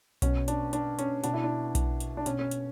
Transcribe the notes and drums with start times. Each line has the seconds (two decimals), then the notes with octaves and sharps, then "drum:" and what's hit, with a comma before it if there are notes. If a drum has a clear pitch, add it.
0.22 B2 C#4, drum: kick B1, hi-hat
0.48 D4, drum: hi-hat
0.73 D4, drum: hi-hat
0.99 C#4, drum: hi-hat
1.24 B2 D4, drum: hi-hat
1.34 E4
1.44 D4
1.75 drum: kick B1, hi-hat
2.00 drum: hi-hat
2.17 D4
2.26 B2 C#4, drum: hi-hat
2.39 C#4
2.51 drum: hi-hat